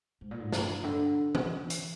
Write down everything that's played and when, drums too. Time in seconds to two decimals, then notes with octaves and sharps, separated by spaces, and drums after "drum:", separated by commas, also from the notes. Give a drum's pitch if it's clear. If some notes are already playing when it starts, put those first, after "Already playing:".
0.21 G#2
0.31 A#2
0.40 G#2
0.52 G2, drum: snare
0.84 D3
1.35 drum: tom
1.70 drum: hi-hat